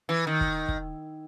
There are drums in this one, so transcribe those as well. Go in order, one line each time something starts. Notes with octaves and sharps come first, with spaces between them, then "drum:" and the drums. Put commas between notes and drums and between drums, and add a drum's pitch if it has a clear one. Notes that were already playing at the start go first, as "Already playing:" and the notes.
E3
D#3
drum: kick
drum: kick